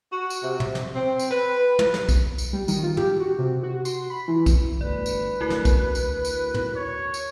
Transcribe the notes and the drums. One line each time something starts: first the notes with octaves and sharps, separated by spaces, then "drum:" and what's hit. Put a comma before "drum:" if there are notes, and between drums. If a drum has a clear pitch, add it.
F#4
drum: tambourine
C3
drum: tom
drum: snare
C4
drum: tambourine
B4
drum: tom
drum: snare
drum: kick, tambourine
drum: tambourine
G3
D#3, drum: tambourine
F4
G4, drum: tom
F#4
C3
F#4
C6, drum: tambourine
B5
E3
drum: kick, tambourine
G1 D2 B4 D5
drum: tambourine
D2 E4 F#4 A#4
drum: snare
drum: kick, tambourine
drum: tambourine
drum: tambourine
drum: tom
C#5
drum: tambourine